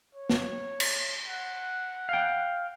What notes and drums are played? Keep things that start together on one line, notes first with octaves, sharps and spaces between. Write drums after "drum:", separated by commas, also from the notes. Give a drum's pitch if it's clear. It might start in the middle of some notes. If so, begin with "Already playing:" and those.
C#5
drum: snare
drum: cymbal
F#5
F5 G5